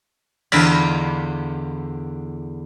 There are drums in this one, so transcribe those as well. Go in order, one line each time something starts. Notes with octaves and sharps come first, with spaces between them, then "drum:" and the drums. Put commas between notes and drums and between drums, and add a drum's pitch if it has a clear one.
E2 D3 F4 B5, drum: cymbal